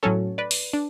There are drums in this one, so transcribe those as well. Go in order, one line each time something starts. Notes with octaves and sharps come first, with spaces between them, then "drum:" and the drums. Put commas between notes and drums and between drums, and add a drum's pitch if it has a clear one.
A2 F#3 C#4 A4 C#5
B4 D5
drum: open hi-hat
D4